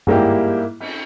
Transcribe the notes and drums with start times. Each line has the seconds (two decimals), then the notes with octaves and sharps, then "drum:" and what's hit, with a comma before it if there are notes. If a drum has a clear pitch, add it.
0.07 G#2 G3 A#3 E4 G4, drum: tom G2
0.80 drum: cymbal